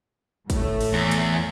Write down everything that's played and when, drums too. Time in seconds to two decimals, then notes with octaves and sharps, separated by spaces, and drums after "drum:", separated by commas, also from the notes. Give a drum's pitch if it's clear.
0.50 A2 A3, drum: kick, hi-hat
0.81 drum: open hi-hat
0.93 E2
1.11 drum: hi-hat